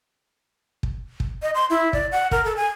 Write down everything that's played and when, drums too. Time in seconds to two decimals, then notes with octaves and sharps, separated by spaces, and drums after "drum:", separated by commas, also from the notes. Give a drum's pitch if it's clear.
0.83 drum: kick
1.20 drum: kick
1.42 D#5
1.55 C6
1.70 E4
1.93 D5, drum: kick
2.12 F#5
2.32 A#4, drum: kick
2.45 A4
2.57 G#5